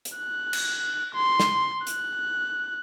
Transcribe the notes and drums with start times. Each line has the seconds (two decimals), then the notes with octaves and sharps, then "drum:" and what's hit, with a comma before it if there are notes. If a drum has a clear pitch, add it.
0.05 drum: hi-hat
0.18 F#6
0.53 drum: cymbal
1.15 C6
1.40 drum: snare
1.87 F#6, drum: hi-hat